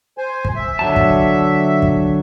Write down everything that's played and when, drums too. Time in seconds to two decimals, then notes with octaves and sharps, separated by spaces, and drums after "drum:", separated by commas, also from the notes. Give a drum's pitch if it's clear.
0.18 C5 G#5
0.45 drum: kick
0.55 E5
0.79 D3 F#3 A5
0.96 drum: kick
1.82 drum: kick